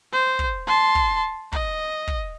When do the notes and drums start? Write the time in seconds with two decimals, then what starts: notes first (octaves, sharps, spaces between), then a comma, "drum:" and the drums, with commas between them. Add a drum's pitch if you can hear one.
0.12 C5
0.39 drum: kick
0.67 A5 C6
0.95 drum: kick
1.52 D#5, drum: kick
2.07 drum: kick